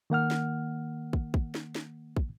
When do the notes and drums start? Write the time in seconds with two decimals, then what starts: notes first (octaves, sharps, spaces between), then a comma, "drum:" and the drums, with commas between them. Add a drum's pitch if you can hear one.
0.10 D#3 A#3 F#5 F6
0.31 drum: snare
1.13 drum: kick
1.34 drum: kick
1.55 drum: snare
1.75 drum: snare
2.17 drum: kick